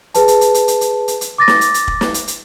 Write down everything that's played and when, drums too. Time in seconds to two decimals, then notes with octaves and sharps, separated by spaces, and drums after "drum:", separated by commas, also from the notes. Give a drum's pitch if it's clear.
0.14 G#4 B4 A5, drum: hi-hat
0.28 drum: hi-hat
0.41 drum: hi-hat
0.54 drum: hi-hat
0.68 drum: hi-hat
0.81 drum: hi-hat
1.08 drum: hi-hat
1.21 drum: hi-hat
1.38 D6 A6 A#6
1.48 drum: snare
1.61 drum: hi-hat
1.74 drum: hi-hat
1.88 drum: kick
2.01 drum: snare
2.14 drum: hi-hat
2.28 drum: hi-hat